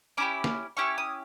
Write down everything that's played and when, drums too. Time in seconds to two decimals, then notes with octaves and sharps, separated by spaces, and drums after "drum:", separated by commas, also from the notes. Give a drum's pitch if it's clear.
0.17 C#4 E4 G4 D6
0.44 drum: snare
0.77 C#4 E4 G4 C#6
0.98 D#6